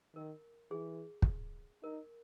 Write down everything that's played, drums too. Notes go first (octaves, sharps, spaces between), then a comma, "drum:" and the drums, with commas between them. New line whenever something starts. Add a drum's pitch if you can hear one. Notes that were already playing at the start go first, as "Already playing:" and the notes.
D#3 A#4
E3 G#4
drum: kick
D#4 A#4